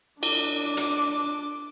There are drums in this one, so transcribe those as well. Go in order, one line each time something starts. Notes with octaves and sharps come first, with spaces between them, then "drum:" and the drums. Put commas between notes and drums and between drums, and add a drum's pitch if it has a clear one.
D4 D6, drum: cymbal
drum: hi-hat